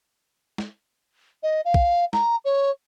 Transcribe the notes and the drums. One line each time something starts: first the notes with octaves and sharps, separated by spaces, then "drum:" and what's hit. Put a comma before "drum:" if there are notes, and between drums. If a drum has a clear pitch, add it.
drum: snare
D#5
F5
drum: kick
A#5, drum: snare
C#5